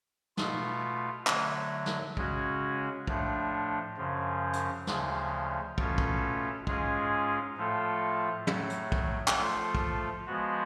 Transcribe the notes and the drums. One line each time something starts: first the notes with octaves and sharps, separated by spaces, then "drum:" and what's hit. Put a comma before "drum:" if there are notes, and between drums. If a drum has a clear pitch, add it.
B2 A3 F4, drum: snare
D3 F#3 A3, drum: clap
drum: snare
C#3 G#3 C#4 F#4, drum: kick
A2 F3 A3 D4, drum: kick
F#2 C#3 F3
drum: hi-hat
D2 C#3 F3, drum: snare
B2 A3 C#4 F4 A4, drum: kick
drum: kick
G#2 G#3 C#4 F4 G#4, drum: kick
A2 F3 A3 F4 A4
A2 F#3 A3, drum: tom
drum: hi-hat
drum: kick
drum: clap
F3 A3 F4 A4
drum: kick
F3 G#3 B3 F#4